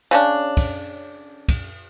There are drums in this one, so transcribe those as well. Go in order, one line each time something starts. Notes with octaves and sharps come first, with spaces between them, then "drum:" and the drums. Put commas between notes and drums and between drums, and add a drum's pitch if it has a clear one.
C#3 C#4 D4
drum: kick, cymbal
drum: kick, cymbal